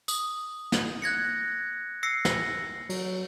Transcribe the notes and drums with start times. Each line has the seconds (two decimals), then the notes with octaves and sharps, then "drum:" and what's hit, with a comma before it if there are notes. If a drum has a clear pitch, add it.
0.08 D#6, drum: tambourine
0.72 drum: snare
1.02 F#6 G#6 A#6 C#7
2.03 E6 A#6 C7 C#7
2.25 drum: snare
2.89 F#3, drum: cymbal